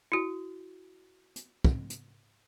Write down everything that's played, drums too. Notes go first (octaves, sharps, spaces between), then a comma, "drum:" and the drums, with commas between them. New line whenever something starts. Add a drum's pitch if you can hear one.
E4 F#4
drum: hi-hat
drum: kick
drum: hi-hat